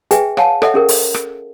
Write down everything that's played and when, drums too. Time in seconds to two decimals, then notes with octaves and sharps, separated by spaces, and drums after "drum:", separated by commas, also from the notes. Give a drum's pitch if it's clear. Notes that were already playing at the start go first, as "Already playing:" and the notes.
0.11 G#4 B4 E5 G5 G#5, drum: hi-hat
0.37 C#5 F5 F#5 G#5 A5, drum: rim click
0.62 A4 C#5 D#5 E5 F#5, drum: rim click
0.74 C#4 G#4 A#4
0.89 drum: open hi-hat
1.14 drum: rim click